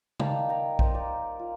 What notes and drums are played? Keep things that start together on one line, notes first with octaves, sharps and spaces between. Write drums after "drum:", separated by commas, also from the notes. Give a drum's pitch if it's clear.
G3 A#3 D#4 F5 A5, drum: tom C#3
G5 A#5
A#3 D#4 C5 D#5, drum: kick A#1
A#4 D5
F4